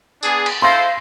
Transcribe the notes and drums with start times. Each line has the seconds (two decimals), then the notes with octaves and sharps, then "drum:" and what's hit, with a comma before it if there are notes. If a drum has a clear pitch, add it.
0.23 B3 D4 G#4, drum: tambourine
0.46 drum: cymbal
0.62 E4 A4 C5 F5 C6 A#6